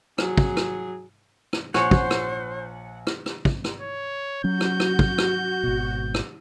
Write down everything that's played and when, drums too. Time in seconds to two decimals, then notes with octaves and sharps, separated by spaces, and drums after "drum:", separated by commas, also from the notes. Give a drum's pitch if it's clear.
0.18 F#3 G#4, drum: rim click
0.37 drum: kick
0.57 drum: rim click
1.53 drum: rim click
1.74 A#1 C5 C#5 F#5 G#5 C#7, drum: rim click
1.91 drum: kick
2.11 drum: rim click
3.07 drum: rim click
3.26 drum: rim click
3.45 drum: kick
3.64 drum: rim click
3.81 C#5
4.44 F#3 C#4 F#4 G6
4.61 drum: rim click
4.80 drum: rim click
4.99 drum: kick
5.18 drum: rim click
5.64 G#1 B2
6.14 drum: rim click